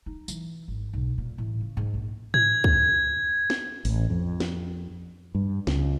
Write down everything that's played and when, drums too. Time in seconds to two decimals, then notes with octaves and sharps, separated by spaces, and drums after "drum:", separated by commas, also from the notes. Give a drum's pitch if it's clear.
0.06 D#4
0.28 E3, drum: tambourine
0.68 G#1
0.93 B1
1.18 A#2
1.38 A1
1.61 C#3
1.77 G#2
1.94 A#1
2.34 G#6, drum: tom G#2
2.64 drum: kick
3.50 drum: snare
3.85 A1, drum: open hi-hat
4.10 F2
4.40 drum: snare
5.35 G2
5.67 C#2, drum: snare